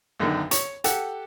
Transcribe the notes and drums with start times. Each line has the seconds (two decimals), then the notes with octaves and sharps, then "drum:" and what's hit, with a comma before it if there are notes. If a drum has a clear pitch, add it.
0.20 B1 F#2 D3 D#3
0.51 C#5, drum: hi-hat
0.84 G4 A4 F#5, drum: hi-hat